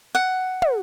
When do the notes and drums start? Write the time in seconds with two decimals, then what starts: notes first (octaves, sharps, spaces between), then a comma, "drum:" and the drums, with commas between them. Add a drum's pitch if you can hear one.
0.15 F#5
0.62 drum: tom